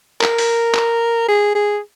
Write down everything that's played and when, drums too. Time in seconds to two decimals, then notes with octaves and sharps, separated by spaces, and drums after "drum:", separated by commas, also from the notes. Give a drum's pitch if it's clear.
0.21 A#4, drum: clap
0.38 drum: open hi-hat
0.74 drum: clap
1.28 G#4
1.55 G#4